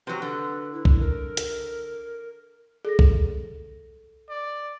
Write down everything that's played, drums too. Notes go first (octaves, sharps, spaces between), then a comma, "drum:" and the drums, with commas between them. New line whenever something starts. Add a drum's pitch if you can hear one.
C3 F#3 B4
D3
E4
drum: kick B1
A#4
drum: hi-hat
G#4 A4 A#6
drum: kick B1
D5